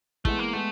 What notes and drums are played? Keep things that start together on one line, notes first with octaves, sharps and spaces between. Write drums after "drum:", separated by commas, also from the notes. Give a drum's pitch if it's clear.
E3 G#3 A3 B3, drum: kick
A#3
G#3 A3 B3